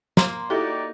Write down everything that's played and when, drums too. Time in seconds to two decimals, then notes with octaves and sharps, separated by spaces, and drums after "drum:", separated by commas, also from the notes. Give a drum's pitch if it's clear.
0.17 A#3 A#5 C6, drum: snare
0.50 D#4 E4 F#4 G4 A4 D5